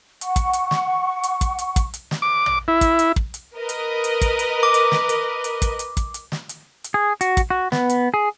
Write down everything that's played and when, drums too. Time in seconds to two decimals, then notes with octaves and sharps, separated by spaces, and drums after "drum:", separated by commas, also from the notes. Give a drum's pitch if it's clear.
0.21 F#5 C#6, drum: hi-hat
0.36 drum: kick, hi-hat
0.53 drum: hi-hat
0.71 drum: snare
1.23 drum: hi-hat
1.41 drum: kick, hi-hat
1.59 drum: hi-hat
1.76 drum: kick, hi-hat
1.94 drum: hi-hat
2.11 drum: snare
2.22 D6
2.46 drum: tom
2.68 E4
2.81 drum: kick, hi-hat
2.99 drum: hi-hat
3.16 drum: kick
3.34 drum: hi-hat
3.56 A#4 B4 D#5
3.69 drum: hi-hat
4.04 drum: hi-hat
4.21 drum: kick, hi-hat
4.39 drum: hi-hat
4.63 D6
4.74 drum: hi-hat
4.92 drum: snare
5.09 drum: hi-hat
5.44 drum: hi-hat
5.62 drum: kick, hi-hat
5.79 drum: hi-hat
5.97 drum: kick, hi-hat
6.14 drum: hi-hat
6.32 drum: snare
6.49 drum: hi-hat
6.84 drum: hi-hat
6.94 G#4
7.21 F#4, drum: hi-hat
7.37 drum: kick, hi-hat
7.50 F#4
7.72 B3, drum: snare
7.89 drum: hi-hat
8.14 G#4